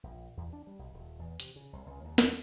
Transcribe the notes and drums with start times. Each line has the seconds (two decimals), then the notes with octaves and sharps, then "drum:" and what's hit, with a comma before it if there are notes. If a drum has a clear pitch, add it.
0.03 A#1
0.37 E2
0.53 D4
0.67 G3
0.79 B1
0.94 D#1
1.19 E2
1.40 C3, drum: hi-hat
1.56 C#3
1.73 C2
1.86 C#2
2.04 D#2
2.18 drum: snare